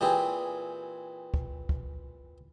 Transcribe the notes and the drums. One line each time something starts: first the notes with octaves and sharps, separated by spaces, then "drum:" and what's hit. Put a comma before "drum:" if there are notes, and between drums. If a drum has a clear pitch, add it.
A#2 E3 C4 G4 G#4
drum: kick
drum: kick